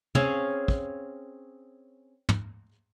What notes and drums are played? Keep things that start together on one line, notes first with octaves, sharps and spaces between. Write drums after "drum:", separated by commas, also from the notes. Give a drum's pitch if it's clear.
C4 C#4 G#4 F5, drum: tom
drum: kick
drum: tom